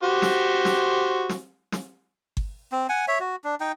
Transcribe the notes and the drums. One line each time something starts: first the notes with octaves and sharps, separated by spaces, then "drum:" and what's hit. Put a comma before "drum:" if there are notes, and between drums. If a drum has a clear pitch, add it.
F#4 G4 C5
drum: snare
drum: snare
drum: snare
drum: snare
drum: kick G1
C4
F#5 G#5
C#5 E5
F#4
D4
D#4 G5